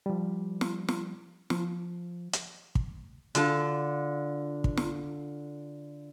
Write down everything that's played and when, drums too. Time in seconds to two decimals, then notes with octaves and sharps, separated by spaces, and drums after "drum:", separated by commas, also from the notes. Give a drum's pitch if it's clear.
0.06 F3 G3
0.61 drum: snare
0.88 drum: snare
1.50 F3, drum: snare
2.33 drum: hi-hat
2.75 drum: kick
3.35 D3 F4 A4, drum: hi-hat
4.64 drum: kick
4.77 drum: snare